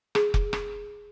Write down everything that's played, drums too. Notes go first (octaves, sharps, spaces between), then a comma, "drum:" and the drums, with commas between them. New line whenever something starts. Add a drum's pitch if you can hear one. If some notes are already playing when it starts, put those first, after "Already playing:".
G#4, drum: rim click
drum: kick F1
drum: rim click